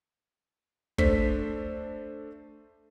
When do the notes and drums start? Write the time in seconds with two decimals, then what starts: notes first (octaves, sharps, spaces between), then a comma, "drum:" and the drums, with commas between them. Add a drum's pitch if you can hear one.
0.98 A3 D4 A4 C5 B6, drum: kick